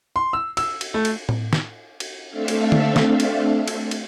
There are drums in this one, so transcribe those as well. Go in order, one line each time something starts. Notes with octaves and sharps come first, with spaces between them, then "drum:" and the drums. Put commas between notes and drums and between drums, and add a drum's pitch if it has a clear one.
C6
E6
E6, drum: cymbal
drum: cymbal
A3
drum: cymbal
drum: tom A2
drum: snare
drum: cymbal
A3 C4 D4 A4 E5 F5
drum: cymbal
drum: tom D3
drum: snare
drum: cymbal
drum: cymbal
drum: cymbal